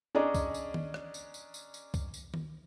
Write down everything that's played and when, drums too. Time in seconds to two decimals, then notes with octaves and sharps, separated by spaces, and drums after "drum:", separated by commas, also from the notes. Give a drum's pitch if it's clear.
0.15 C#4 D4 G#4 D5 D#5 A#5
0.35 drum: kick C2, tambourine
0.54 drum: tambourine
0.74 drum: tom D#3
0.94 drum: rim click
1.14 drum: tambourine
1.34 drum: tambourine
1.54 drum: tambourine
1.74 drum: tambourine
1.94 drum: kick C2, tambourine
2.14 drum: tambourine
2.34 drum: tom D#3